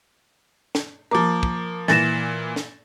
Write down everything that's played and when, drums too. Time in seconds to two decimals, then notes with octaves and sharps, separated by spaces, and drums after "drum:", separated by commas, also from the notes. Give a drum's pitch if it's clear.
0.75 drum: snare
1.11 F3 A#3 A#5 D6
1.43 drum: kick
1.88 A#2 E3 A6 A#6 E7, drum: snare
2.56 drum: snare